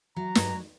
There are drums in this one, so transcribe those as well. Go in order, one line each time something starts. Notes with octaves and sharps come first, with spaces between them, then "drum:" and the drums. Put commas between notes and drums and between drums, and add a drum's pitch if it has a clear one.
F#3 A#5
G2, drum: snare